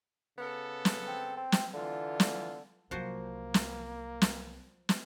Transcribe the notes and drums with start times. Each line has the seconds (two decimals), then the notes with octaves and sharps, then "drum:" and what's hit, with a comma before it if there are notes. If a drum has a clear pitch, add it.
0.39 C#3 B3 A4
0.85 drum: snare
1.07 C4
1.37 C4
1.52 drum: snare
1.74 D3 E3 F4
2.20 drum: snare
2.91 C2 F3 F#3 A#3 F#4 C5
3.54 drum: snare
4.22 drum: snare
4.89 drum: snare